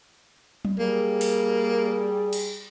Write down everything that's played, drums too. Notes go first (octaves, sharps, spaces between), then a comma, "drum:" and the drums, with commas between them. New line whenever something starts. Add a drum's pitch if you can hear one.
drum: tom F#3
G3 A#3 G#4
drum: open hi-hat
drum: cymbal